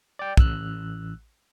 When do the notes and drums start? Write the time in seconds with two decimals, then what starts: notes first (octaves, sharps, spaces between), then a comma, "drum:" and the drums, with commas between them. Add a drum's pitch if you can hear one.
0.19 D5 G5
0.37 A1 E6 F#6, drum: kick